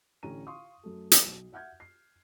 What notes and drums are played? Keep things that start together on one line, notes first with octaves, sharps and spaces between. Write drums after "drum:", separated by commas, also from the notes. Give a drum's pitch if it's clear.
A1 D3 C#4 A#5 D#7
F5 C6 C#6 D#6
F#2 A3
drum: hi-hat
B1
E5 F#5 F6 G6 G#6
C7